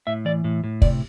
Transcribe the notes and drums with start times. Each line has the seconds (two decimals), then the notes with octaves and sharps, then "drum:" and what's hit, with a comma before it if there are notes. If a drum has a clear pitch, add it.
0.07 A2 E5
0.25 E3 D5
0.44 A2
0.64 A2
0.82 C3 D5, drum: kick